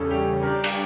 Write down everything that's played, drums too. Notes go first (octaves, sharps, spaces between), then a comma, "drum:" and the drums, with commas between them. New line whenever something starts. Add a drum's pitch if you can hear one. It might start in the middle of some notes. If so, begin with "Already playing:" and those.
Already playing: E2 C#3 G3 C#4 A4
G4
G3 D4 G4 A#4 D5
drum: cymbal